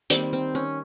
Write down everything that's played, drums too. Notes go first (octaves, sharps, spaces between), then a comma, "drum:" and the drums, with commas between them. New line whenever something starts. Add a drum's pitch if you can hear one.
D#3 G3 A#3 C4, drum: hi-hat
C4
C#4